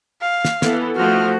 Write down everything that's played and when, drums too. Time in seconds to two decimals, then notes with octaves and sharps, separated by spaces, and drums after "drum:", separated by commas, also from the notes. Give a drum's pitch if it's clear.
0.22 F5
0.45 drum: snare
0.62 E3 B3 A4, drum: snare
0.97 F3 A3 F#4 F6